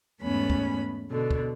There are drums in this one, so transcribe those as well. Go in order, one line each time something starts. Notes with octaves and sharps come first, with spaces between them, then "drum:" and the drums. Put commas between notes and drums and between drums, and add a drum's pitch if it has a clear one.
E2 G#2 A3 B3 C#4 B5
drum: kick
B2 D3
drum: kick